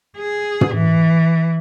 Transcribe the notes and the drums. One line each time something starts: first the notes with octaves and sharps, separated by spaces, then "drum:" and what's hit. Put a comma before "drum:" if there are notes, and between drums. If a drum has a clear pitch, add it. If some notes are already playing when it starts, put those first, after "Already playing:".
G#4
drum: tom
E3